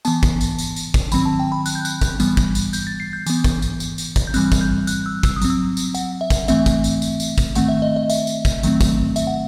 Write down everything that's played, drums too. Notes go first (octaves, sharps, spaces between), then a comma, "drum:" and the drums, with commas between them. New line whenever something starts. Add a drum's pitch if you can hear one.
E3 B3 A5, drum: tambourine
drum: kick, tambourine
drum: tambourine
drum: tambourine
drum: tambourine
drum: kick, tambourine
D#3 F#3 C4 B5, drum: tambourine
A5
G5
B5
F#6, drum: tambourine
G6
F#6, drum: tambourine
drum: kick, tambourine
E3 G3 B3, drum: tambourine
drum: kick, tambourine
drum: tambourine
G6, drum: tambourine
A6
C7
G6
E3 B3, drum: tambourine
drum: kick, tambourine
drum: tambourine
drum: tambourine
drum: tambourine
drum: kick, tambourine
G6
E3 G3 C4 F#6, drum: tambourine
drum: kick, tambourine
G6
F#6, drum: tambourine
E6
E6, drum: kick, tambourine
D#6
F#3 C4, drum: tambourine
E6
drum: tambourine
F#5, drum: tambourine
E5
drum: kick, tambourine
E3 A3 C4 E5, drum: tambourine
drum: kick, tambourine
drum: tambourine
drum: tambourine
drum: tambourine
drum: kick, tambourine
D#3 A3 C4 F#5, drum: tambourine
E5
D#5
D#5
E5, drum: tambourine
drum: tambourine
drum: kick, tambourine
D#3 F#3 A3 C4, drum: tambourine
drum: kick, tambourine
E5, drum: tambourine
F#5